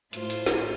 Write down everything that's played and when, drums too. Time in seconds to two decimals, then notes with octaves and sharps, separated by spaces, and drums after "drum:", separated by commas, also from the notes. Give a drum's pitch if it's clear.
0.13 A2 A3 F4 C5 F5, drum: hi-hat
0.30 drum: hi-hat
0.46 drum: snare